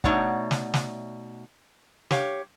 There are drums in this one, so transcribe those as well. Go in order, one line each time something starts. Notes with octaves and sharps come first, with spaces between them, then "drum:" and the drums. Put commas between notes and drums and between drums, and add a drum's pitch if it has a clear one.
B2 A3 D#4 C#5 D5 F#5, drum: kick
drum: snare
drum: snare
G4 C#5 F5, drum: snare